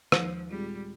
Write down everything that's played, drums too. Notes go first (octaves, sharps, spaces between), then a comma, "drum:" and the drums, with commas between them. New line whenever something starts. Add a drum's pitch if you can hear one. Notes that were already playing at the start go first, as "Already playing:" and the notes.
D#2 D#3 F3 G#3 D#4, drum: rim click
A#2 G3 G#3 C4 F4 G#4